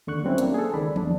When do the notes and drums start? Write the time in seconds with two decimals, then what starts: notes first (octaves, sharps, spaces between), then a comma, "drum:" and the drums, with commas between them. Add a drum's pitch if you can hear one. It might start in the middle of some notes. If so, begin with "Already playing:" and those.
0.07 D#2 D3 C#6 F#6
0.24 F#3 G3 C4 C#4 E4
0.38 A#3 D4, drum: hi-hat
0.54 G#4 A4
0.74 C#2 D#3 D5 B5
0.96 E2 D4, drum: tom